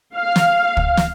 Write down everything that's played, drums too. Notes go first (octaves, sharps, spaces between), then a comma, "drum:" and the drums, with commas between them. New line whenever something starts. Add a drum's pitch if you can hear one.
F5
drum: snare
drum: kick
drum: snare